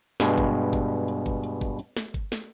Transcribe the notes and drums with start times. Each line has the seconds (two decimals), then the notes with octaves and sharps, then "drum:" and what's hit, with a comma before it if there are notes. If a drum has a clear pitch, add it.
0.20 G2 B2 G#3, drum: snare
0.38 drum: kick G1, hi-hat
0.73 drum: kick G1, hi-hat
1.08 drum: hi-hat
1.26 drum: kick G1
1.44 drum: hi-hat
1.61 drum: kick G1
1.79 drum: hi-hat
1.97 drum: snare
2.14 drum: kick G1, hi-hat
2.32 drum: snare